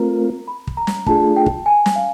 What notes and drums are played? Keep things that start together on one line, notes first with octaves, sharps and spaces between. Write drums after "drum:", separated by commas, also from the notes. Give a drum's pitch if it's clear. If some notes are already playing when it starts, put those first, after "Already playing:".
Already playing: A3 C4 F4 A#4 A#5
B5
drum: kick
A#5
drum: snare
A3 D4 F4 G#4 A5, drum: kick
G5
drum: kick
G#5
drum: snare
F5